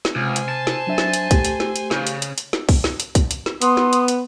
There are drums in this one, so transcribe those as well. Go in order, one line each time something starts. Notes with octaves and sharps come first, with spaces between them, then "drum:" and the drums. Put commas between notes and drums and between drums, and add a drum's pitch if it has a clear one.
drum: snare
C#2 C3 C5 G#5 F6
drum: hi-hat
A5
drum: snare
F#3 D4 E5
drum: snare
drum: hi-hat
A3 G4, drum: kick, hi-hat
drum: hi-hat
drum: snare
drum: hi-hat
C#3, drum: snare
drum: hi-hat
drum: hi-hat
drum: hi-hat
drum: snare
drum: kick, open hi-hat
drum: snare
drum: hi-hat
drum: kick, hi-hat
drum: hi-hat
drum: snare
B3 C6 D#6, drum: hi-hat
drum: snare
drum: hi-hat
drum: hi-hat